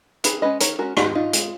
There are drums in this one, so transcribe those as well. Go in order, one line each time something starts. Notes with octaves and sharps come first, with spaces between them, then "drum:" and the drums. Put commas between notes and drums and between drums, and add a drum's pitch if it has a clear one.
D#3 G#4 B4, drum: hi-hat
G#3 C#4 B4 D#5
D#3 A#4 C#5, drum: hi-hat
G#3 C#4 F#4 A#4
G#3 D#4 F#4, drum: rim click
D#4 F4
G#3, drum: hi-hat